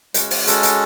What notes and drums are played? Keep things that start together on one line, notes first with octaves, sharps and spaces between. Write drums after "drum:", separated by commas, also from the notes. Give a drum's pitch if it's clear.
G#3 C#4 F#4, drum: hi-hat
drum: open hi-hat
A4, drum: hi-hat
drum: hi-hat